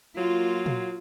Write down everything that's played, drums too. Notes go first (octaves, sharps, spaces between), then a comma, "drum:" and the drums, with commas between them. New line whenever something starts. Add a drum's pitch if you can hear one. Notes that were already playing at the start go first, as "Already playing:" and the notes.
F#3 A#3 F4
drum: tom A#2